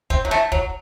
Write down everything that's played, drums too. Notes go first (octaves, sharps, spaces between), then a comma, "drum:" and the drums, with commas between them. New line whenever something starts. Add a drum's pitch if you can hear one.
C4, drum: kick
F#3
A3, drum: snare
F#3, drum: kick